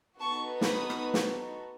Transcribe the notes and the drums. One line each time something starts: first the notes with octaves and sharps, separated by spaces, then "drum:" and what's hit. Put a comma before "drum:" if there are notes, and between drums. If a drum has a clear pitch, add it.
B3 D#4 F#4 A4 A5 C#6
B5 D#6, drum: snare
drum: rim click
drum: snare